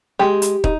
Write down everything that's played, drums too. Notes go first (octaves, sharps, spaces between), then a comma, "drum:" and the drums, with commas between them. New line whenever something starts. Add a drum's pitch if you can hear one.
G#3 G4
drum: hi-hat
D#4, drum: kick